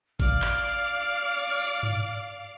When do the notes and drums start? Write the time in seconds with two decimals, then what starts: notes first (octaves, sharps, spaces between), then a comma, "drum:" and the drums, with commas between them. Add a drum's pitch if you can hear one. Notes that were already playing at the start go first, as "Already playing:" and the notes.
0.20 D5 F5 F6, drum: kick G#1
0.42 drum: clap
1.59 drum: tambourine
1.83 drum: tom G2